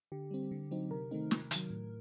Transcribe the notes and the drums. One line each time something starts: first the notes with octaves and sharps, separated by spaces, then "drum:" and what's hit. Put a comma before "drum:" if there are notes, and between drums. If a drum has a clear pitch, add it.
D3 G4
G3 C4
D3
F#3 C4 D#4
C3 A#4
D#3 A3 C4 D#4
C3, drum: snare
D#3 F#3, drum: hi-hat
A2